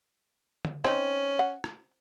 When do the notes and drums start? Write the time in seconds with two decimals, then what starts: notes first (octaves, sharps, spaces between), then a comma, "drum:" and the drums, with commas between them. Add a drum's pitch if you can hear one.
0.65 drum: tom
0.84 C4 C#4 D#4, drum: rim click
1.39 F#5
1.64 drum: rim click